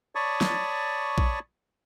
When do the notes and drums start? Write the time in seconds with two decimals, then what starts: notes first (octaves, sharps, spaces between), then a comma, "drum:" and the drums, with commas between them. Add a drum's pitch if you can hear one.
0.15 C#5 D5 A5 B5 C#6 D#6
0.41 drum: snare
1.18 drum: kick A#1